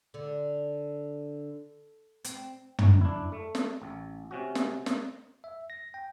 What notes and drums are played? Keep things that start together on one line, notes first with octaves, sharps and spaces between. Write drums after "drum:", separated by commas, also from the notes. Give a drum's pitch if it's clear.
D3
C4, drum: hi-hat
drum: tom
D4 E4
A3
drum: snare
A1
C3 C#4 F#4
drum: snare
drum: snare
E5
A#6
G5